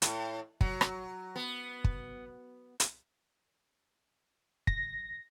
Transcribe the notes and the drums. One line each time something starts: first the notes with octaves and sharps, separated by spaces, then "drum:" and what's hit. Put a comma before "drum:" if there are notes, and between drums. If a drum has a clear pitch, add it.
A2, drum: hi-hat
F#3, drum: kick
drum: rim click
B3
drum: kick
drum: hi-hat
A#6, drum: kick